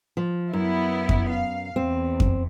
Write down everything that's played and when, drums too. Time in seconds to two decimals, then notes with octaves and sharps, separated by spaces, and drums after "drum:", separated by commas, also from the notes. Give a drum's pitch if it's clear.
0.17 F3
0.53 F#2 B3 E4
1.09 drum: kick F2
1.31 F5
1.76 E2 C4
2.20 drum: kick F2